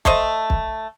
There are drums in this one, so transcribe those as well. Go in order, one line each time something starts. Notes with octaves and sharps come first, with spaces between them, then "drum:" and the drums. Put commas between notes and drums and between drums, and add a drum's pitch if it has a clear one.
A3 A4 C5 D#5, drum: kick
drum: kick